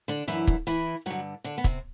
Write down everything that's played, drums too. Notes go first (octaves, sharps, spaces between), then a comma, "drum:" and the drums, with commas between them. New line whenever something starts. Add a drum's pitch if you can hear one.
D3 D4
F#2 D3 E3 E4
drum: kick
E3 E4
G2 D3 F#3 F#4
D3 D4
B3
C3 C4, drum: kick